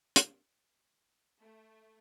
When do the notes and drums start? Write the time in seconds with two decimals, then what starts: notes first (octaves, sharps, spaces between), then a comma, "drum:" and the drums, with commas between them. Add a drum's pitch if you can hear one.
0.16 drum: hi-hat
1.40 A3